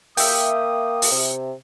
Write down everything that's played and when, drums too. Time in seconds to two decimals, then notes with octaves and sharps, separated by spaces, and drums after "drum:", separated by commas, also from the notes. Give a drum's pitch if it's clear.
0.17 A#3 E5 G5 D#6, drum: open hi-hat
1.02 drum: open hi-hat
1.12 C3